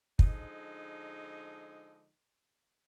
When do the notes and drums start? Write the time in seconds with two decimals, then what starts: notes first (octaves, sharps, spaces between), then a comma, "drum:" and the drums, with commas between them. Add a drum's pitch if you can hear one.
0.19 D3 F3 G#3 D#4, drum: kick